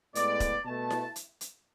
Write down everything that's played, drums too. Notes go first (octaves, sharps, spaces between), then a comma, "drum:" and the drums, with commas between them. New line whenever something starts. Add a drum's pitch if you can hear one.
A2 G#3 B3 D5, drum: hi-hat
drum: kick D#1, hi-hat
B2 A3 A5
drum: snare E4
drum: hi-hat
drum: hi-hat